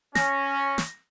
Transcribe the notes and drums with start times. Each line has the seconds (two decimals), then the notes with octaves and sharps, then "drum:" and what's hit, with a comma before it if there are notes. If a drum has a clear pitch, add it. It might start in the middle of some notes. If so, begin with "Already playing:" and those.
0.15 C#4 A#6, drum: snare
0.78 drum: snare